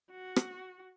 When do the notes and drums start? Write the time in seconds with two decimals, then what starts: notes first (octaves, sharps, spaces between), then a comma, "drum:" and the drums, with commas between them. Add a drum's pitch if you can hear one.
0.11 F#4
0.36 drum: rim click